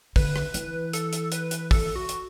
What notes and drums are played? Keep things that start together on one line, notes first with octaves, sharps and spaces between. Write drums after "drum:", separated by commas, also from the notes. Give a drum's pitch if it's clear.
D3 B4, drum: kick, open hi-hat
drum: rim click
E3, drum: hi-hat
A4, drum: hi-hat
drum: hi-hat
B4, drum: hi-hat
drum: hi-hat
A4, drum: kick, open hi-hat
F#4
drum: hi-hat